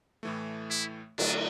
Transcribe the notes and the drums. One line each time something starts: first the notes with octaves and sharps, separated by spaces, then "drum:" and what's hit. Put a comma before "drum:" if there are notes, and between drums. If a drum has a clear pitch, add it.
A2 E3 A3
E4
D3 F#3 A3 D4, drum: cymbal